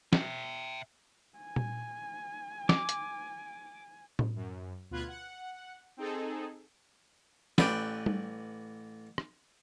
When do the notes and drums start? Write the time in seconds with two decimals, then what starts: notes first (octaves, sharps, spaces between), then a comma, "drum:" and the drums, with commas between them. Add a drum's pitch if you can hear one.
0.13 E5 G5, drum: snare
1.38 G#5
1.56 drum: tom A#2
2.69 D6, drum: snare
2.89 drum: hi-hat
4.19 drum: tom A2
4.35 F#2
4.90 D2 B2 F4 B4 F#6 G#6
5.08 F#5
5.97 C4 D#4 G#4 A4
7.58 A1 B4 D5 E5 G5 D6, drum: snare
8.06 drum: tom G3
9.18 drum: rim click